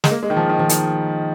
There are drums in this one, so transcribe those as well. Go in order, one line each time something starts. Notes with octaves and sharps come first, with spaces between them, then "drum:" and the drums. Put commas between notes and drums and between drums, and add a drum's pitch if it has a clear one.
G#3, drum: snare
A#3
G#3
D#3
F3
D#3
F3
D#3, drum: hi-hat